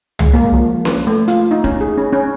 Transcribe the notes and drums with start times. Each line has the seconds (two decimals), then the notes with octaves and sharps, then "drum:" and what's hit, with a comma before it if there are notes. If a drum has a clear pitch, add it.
0.19 G#3, drum: tom C2
0.33 A#3
0.54 F3
0.85 B4, drum: snare C#4
1.07 A3
1.28 F4, drum: hi-hat
1.51 D#4
1.64 C#4, drum: kick E1
1.81 G#4
1.98 C#4
2.13 C#4